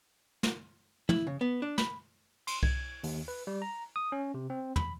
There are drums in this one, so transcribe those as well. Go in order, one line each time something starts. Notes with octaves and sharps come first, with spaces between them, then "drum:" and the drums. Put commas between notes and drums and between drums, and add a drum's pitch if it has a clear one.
drum: snare
E4, drum: tom
C#3
B3
D4
B5, drum: snare
C6, drum: cymbal
G#6, drum: kick C2
D#2, drum: open hi-hat
B4, drum: open hi-hat
G3
A#5
D#6
C#4
C3
C4
B5, drum: tom